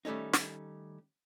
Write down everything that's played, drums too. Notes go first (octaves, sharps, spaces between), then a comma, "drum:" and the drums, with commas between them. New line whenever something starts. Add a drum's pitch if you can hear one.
D#3 G3 A3 C#4 D#4
drum: snare